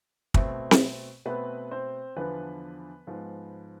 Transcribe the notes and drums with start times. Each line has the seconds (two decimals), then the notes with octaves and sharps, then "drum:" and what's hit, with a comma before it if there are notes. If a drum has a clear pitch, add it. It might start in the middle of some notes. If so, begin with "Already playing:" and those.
0.34 B2 A3 C4, drum: kick
0.71 drum: snare C4
1.25 B2 A3 B3 C4 B4
1.71 C4 C5
2.16 E2 D3 F3 B3 B4
3.07 G#2 F3 B3